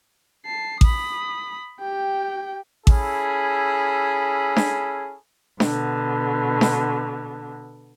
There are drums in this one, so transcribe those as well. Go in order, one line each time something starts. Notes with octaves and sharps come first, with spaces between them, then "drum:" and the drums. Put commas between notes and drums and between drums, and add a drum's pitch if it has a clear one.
A5 C7
B5 D#6, drum: kick A1
G4 G5
C#4 E4 G#4 A4 B5, drum: kick A1
drum: snare D4
B2 D3, drum: snare D4
drum: snare D4